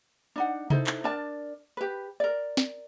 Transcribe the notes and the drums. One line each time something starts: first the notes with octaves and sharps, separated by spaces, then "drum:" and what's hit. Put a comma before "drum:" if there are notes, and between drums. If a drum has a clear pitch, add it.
D4 D#4 F#5
D#4 E4 A4 C5, drum: tom C3
drum: clap
D4 A#4 D5 A5
G4 B4
A#4 D5
drum: snare